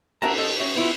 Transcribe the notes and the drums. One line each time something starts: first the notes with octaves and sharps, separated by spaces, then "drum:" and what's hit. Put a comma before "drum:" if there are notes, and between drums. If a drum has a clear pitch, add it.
A#4 E5 F#5 A5 A#5, drum: cymbal
A4 D#5
C#4 F#4 E5
B3 E4 F4